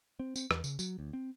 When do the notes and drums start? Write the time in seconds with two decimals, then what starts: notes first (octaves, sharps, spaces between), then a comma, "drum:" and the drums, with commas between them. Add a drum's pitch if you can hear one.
0.20 C4
0.36 C4, drum: tambourine
0.51 E2, drum: rim click
0.64 C#3, drum: tambourine
0.79 F#3, drum: tambourine
0.99 D2
1.13 C4